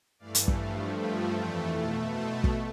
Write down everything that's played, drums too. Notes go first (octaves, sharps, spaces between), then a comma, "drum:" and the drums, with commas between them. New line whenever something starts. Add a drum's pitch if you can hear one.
G2 E3 A3 D5 F5
drum: hi-hat
drum: kick
G2 F3 A3 F5 A5
G2 F3 A3 G5 B5
F2 E3 A3 E5 G5
B2 A3 F5 A5
B2 A3 A5 C6
drum: kick